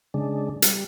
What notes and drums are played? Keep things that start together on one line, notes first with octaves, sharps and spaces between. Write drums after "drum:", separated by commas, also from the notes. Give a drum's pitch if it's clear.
C#3 G#3 D4
G3, drum: hi-hat